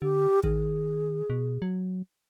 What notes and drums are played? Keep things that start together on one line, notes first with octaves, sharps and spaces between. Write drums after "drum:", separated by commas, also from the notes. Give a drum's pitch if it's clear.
D3 G4
D#3 G#4, drum: kick A1
B2
F#3